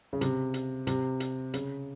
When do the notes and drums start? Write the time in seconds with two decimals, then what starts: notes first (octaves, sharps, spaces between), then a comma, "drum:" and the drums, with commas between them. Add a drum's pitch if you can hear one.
0.13 C#3
0.21 C3, drum: hi-hat
0.54 drum: hi-hat
0.87 C3, drum: hi-hat
1.20 drum: hi-hat
1.54 C#3, drum: hi-hat